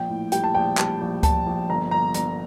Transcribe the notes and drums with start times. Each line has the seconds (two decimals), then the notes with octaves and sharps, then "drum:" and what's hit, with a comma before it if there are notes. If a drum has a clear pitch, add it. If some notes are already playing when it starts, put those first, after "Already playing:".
Already playing: A#1 G5
0.09 A2
0.32 G3 G5, drum: hi-hat
0.44 A5
0.55 A#1 G5
0.77 G3 A5, drum: clap
1.01 A#1
1.23 A#1 A5, drum: kick C#2, hi-hat
1.47 A#1
1.69 G1 A#5
1.91 G1 A#5
2.14 G1 A#5, drum: hi-hat